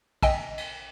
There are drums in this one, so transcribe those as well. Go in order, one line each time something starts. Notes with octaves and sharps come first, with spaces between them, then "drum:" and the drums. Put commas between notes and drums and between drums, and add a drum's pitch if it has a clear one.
D#5 G5 G#5 E6, drum: kick, cymbal
drum: cymbal